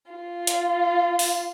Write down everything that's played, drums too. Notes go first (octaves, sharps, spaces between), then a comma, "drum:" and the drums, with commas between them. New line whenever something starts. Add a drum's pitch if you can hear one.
F4
drum: hi-hat
drum: open hi-hat